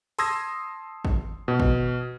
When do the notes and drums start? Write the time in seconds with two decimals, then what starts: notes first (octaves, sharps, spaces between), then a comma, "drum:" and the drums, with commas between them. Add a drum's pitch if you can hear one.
0.19 A5 C6 D#6 E6 G#6 A#6, drum: open hi-hat
1.05 drum: kick
1.48 B2
1.60 drum: kick